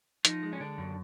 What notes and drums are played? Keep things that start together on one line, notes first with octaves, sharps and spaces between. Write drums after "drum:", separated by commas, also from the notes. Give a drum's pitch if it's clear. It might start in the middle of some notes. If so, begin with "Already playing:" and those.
F3 D#4, drum: hi-hat
G#3
C#4
D3 D4
F#2